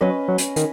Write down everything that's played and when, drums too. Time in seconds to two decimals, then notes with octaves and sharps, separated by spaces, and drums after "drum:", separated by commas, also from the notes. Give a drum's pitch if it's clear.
0.01 F#3 C#4 B4 D#5
0.28 F#3
0.38 drum: hi-hat
0.56 D#3, drum: hi-hat